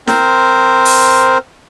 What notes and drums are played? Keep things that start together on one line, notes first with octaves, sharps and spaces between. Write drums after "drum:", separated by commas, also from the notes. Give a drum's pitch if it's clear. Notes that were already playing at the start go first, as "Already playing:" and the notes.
C4 A#4 C5, drum: snare
drum: open hi-hat